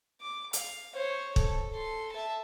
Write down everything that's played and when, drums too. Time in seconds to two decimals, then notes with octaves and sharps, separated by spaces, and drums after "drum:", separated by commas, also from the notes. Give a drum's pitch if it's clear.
0.21 D6
0.53 F5, drum: hi-hat
0.94 C5 C#5
1.36 A4, drum: kick
1.70 A4 C6
2.12 E5 A5